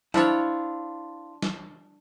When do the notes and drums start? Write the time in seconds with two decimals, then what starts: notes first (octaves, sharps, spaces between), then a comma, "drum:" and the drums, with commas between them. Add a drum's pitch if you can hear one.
0.14 F3 D4 E4 F4 C#5, drum: tom F#3
1.42 drum: snare